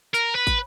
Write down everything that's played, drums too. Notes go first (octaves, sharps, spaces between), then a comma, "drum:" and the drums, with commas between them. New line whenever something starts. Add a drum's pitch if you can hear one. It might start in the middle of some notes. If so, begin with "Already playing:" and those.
A#4, drum: hi-hat
B4
drum: kick, hi-hat